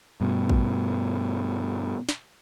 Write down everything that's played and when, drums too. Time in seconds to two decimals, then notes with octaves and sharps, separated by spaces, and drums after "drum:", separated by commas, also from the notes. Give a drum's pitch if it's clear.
0.21 G2 B2
0.49 drum: kick
2.09 drum: snare